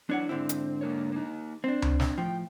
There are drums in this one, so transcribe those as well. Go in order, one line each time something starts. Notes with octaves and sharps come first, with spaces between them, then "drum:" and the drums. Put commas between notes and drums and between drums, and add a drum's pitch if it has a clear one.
E3 F#3 D4 C#5 F#5
G#2 D3 C4 E4
drum: hi-hat
A#3 A#4 C#5
A#3 D#4
C4 D4 C5
drum: tom C#2
drum: snare
A2 F3 G5